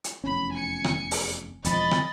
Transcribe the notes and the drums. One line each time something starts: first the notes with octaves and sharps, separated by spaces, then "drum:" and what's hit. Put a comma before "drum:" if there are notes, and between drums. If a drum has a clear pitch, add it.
drum: hi-hat
F1 E2 C#4 B5
G#5 C#7
drum: rim click
drum: open hi-hat
E1 F2 F3 D#5 B5 A6, drum: hi-hat
drum: rim click